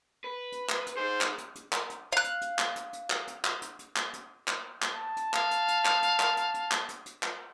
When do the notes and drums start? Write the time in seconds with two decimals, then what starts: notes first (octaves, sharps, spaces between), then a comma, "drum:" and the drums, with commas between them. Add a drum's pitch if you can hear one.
0.24 B4
0.52 drum: hi-hat
0.69 drum: clap
0.87 drum: hi-hat
0.97 D#4 G#4 C5
1.21 drum: clap
1.38 drum: hi-hat
1.55 drum: hi-hat
1.73 drum: clap
1.90 drum: hi-hat
2.12 F5 F#6
2.24 drum: hi-hat
2.41 drum: hi-hat
2.59 drum: clap
2.76 drum: hi-hat
2.93 drum: hi-hat
3.10 drum: clap
3.27 drum: hi-hat
3.45 drum: clap
3.62 drum: hi-hat
3.79 drum: hi-hat
3.96 drum: clap
4.13 drum: hi-hat
4.48 drum: clap
4.82 drum: clap
4.92 A5
5.17 drum: hi-hat
5.34 F5, drum: clap
5.51 drum: hi-hat
5.68 drum: hi-hat
5.85 drum: clap
6.03 drum: hi-hat
6.20 drum: clap
6.37 drum: hi-hat
6.54 drum: hi-hat
6.71 drum: clap
6.89 drum: hi-hat
7.06 drum: hi-hat
7.23 drum: clap